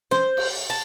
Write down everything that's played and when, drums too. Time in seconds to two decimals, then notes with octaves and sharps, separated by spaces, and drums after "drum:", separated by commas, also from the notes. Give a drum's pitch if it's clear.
0.11 C5, drum: snare
0.37 drum: cymbal
0.70 A5